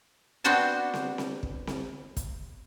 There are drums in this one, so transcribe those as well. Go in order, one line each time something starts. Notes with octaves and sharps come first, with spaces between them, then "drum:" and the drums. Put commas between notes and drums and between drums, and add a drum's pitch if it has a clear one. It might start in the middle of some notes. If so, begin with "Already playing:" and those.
B3 C4 D4 F#4 C5 A5
drum: snare C4
drum: snare C4
drum: kick
drum: snare C4
drum: kick, hi-hat